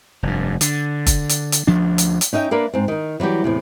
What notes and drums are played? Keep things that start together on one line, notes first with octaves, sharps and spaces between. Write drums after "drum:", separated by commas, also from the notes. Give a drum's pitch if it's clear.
F1 G2
D3, drum: hi-hat
drum: kick, hi-hat
drum: hi-hat
drum: hi-hat
D2 F3 D4
drum: hi-hat
drum: hi-hat
C#4 D#4 E5 F5 G5
A#3 D4 A#4 B4 D5 F5
G#2 C4
D#3 D#4
E3 F#3 G3 G4
E2 A2 C3